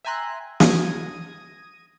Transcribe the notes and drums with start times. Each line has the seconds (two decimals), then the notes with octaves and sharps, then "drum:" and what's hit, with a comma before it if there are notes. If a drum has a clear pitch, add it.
0.05 E5 G5 G#5 A#5 C6 F#6
0.60 D#6 G#6 A#6 D#7, drum: snare